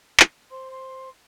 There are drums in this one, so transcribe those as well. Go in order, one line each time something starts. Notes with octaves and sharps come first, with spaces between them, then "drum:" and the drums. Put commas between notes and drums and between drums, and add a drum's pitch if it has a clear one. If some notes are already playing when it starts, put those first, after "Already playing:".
drum: clap
C5 C6
C6